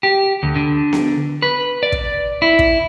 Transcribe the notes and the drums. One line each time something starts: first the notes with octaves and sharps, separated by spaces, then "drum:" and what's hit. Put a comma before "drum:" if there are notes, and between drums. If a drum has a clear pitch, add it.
G4
D2
D3
drum: snare B3
B4
D5
drum: kick
E4
drum: kick